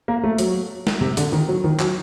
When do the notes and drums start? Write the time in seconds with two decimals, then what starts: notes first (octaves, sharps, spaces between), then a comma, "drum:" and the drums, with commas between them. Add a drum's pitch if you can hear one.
0.08 A#3
0.24 A3
0.38 F#3, drum: hi-hat
0.87 drum: snare
1.01 C3
1.17 D3, drum: hi-hat
1.32 D#3
1.48 F#3
1.64 D#3
1.79 F#3, drum: clap